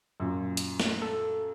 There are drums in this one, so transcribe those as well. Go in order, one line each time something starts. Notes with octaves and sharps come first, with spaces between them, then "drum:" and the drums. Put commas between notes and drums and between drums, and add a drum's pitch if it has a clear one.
F#2 A#2
drum: hi-hat
drum: snare
A4